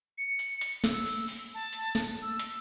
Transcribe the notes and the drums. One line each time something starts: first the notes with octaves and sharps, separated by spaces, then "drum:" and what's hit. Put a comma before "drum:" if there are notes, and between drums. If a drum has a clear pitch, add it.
C#7
drum: hi-hat
drum: hi-hat
E6, drum: snare
drum: open hi-hat
drum: open hi-hat
A5
drum: hi-hat
drum: snare
E6
drum: hi-hat